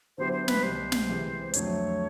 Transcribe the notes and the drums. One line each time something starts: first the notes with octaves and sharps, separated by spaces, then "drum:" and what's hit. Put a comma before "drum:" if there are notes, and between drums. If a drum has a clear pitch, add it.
D3 F#3 B3 E4 G4 C5
C5
B4, drum: snare
C2 B2 G3 C5
drum: snare
C3 E3 G#3
F2 D3 F#3 A3 C#5, drum: hi-hat